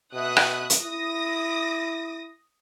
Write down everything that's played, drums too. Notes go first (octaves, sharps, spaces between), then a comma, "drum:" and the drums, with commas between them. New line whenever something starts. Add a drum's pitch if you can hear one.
B2 E5 D#6 F#6
drum: rim click
drum: hi-hat
E4 D#6 A#6